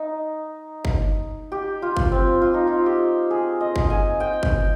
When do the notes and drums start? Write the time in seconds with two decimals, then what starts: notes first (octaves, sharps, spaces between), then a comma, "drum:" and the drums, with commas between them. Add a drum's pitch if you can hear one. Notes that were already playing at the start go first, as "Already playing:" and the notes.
Already playing: D#4
0.85 drum: kick G1
1.52 G4
1.82 F4
1.97 drum: kick G1
2.12 C4
2.42 F4
2.54 D#4
2.67 F4
2.86 G4
3.31 G#4
3.60 D#5
3.76 drum: kick G1
3.90 G#5
4.20 G5
4.43 drum: kick G1